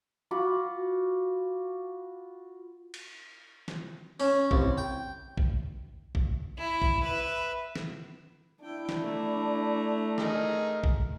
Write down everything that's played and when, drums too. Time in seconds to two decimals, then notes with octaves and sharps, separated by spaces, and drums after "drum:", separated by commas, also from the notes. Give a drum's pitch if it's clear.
0.31 F4 F#4 B5 D6
2.94 drum: cymbal
3.68 drum: snare
4.20 C#4, drum: open hi-hat
4.51 C2, drum: kick
4.78 G5
5.37 drum: kick
6.15 drum: kick
6.58 E4
6.82 drum: kick
7.04 B4 E5
7.76 drum: snare
8.63 D4 E4 G5
8.89 drum: snare
9.02 A3 A#5
10.18 D#4 G#4 A#4, drum: snare
10.84 drum: kick